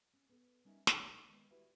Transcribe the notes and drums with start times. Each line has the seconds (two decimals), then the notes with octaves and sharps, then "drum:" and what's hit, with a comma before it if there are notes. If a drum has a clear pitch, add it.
0.13 C#4
0.29 B3 A4
0.65 G3 C#4 D#4 A#4 E5
0.87 D#2 B2 D4 G4 G5, drum: snare
1.28 D#3 G#3 A#3 B3
1.51 E4 F#4 G4 B4 D5 E5